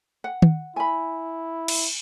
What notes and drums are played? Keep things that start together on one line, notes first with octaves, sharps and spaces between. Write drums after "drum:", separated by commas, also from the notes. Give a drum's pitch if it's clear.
F#5
drum: tom
E4 G#5 B5
drum: cymbal